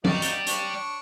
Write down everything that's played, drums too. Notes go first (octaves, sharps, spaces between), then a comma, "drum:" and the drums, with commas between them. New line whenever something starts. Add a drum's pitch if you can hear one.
F#3 D#4 F#4 D5 G5, drum: tom
drum: hi-hat
D4 C#5, drum: hi-hat